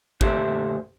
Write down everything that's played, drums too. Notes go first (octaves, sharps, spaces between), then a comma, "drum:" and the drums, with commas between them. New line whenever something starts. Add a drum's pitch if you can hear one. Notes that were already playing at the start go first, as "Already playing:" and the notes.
D2 A#2 G4 A4 C5 E5, drum: kick G#1